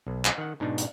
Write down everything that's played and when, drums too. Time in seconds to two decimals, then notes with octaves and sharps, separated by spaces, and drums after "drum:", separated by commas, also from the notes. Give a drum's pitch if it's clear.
0.07 B1
0.25 drum: clap
0.38 D#3 F#5
0.60 G#2 B2 D4 D#4
0.78 drum: hi-hat